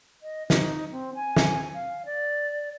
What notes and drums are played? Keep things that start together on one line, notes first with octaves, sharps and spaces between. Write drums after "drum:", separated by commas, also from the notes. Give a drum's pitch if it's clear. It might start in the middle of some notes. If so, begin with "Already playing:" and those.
D#5
D#4, drum: snare
C4
G#5
drum: snare
F5
D5